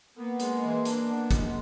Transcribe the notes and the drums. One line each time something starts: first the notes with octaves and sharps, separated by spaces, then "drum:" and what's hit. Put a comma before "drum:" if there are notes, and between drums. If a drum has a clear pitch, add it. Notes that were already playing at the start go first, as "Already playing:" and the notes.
A#3 B3
G#3, drum: hi-hat
E3
D4, drum: hi-hat
B3
G#3, drum: kick, hi-hat